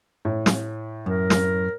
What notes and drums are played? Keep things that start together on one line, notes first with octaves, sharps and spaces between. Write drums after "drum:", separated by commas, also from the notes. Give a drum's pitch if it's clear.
A2
drum: snare
F#2 A#4
drum: snare